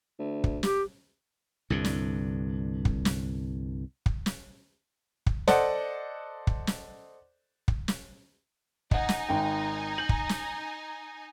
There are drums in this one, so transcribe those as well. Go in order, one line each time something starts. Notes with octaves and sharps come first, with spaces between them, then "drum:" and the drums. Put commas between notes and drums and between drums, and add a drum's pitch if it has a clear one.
D2
drum: kick
G4, drum: snare
C2 G2 D3
drum: snare
drum: kick
drum: snare
drum: kick
drum: snare
drum: kick
A4 C5 D5 D#5 F#5, drum: snare
drum: kick
drum: snare
drum: kick
drum: snare
D#4 D#5 F#5 G#5, drum: kick
drum: snare
G#1 G5
G6 F#7
drum: kick
drum: snare